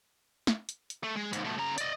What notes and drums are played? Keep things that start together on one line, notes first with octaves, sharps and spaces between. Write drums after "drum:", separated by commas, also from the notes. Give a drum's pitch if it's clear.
drum: snare
drum: hi-hat
drum: hi-hat
A3
G#3
D#2 G#2, drum: hi-hat
B2 A3
C#3 A#5
D5 D#5, drum: hi-hat